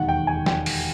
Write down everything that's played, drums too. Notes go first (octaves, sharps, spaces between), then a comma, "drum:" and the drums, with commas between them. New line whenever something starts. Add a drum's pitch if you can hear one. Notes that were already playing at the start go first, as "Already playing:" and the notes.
Already playing: E1 D#2 D#3 F#5
G5
G#5
G5, drum: snare
drum: open hi-hat